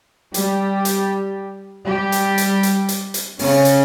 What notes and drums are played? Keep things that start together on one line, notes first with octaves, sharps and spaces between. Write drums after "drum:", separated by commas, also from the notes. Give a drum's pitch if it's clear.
G3 G4, drum: hi-hat
drum: hi-hat
G3 G4
drum: hi-hat
drum: hi-hat
drum: hi-hat
drum: hi-hat
drum: hi-hat
C#3 C#4, drum: open hi-hat
drum: hi-hat